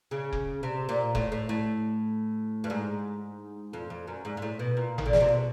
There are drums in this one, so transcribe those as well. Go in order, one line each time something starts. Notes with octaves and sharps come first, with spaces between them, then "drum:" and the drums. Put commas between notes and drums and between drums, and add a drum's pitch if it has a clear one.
C#3
drum: kick F1
C3
A#2
A2, drum: kick F1
A2
A2
G2
G#2
F2
F2
F#2
G#2
G#2
A2
B2
A#2
D#3, drum: tom G#1
D3
C#3, drum: snare
C3
B2